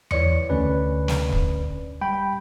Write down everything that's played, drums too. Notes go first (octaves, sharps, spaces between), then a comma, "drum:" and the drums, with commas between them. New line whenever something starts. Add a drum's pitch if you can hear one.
E3 C#5 D5 C#7, drum: tom E2
D2 D3 C#4 B4 D5
drum: snare
drum: kick
G3 G5 B5